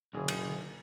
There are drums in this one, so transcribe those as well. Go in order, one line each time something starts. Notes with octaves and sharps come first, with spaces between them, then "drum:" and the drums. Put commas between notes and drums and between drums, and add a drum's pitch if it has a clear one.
F#1 B1 D3 G#4
drum: cymbal